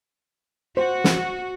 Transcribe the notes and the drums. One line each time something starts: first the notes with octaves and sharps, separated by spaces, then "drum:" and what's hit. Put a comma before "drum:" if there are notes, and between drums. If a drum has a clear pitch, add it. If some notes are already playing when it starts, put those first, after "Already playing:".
F#4 C5
drum: snare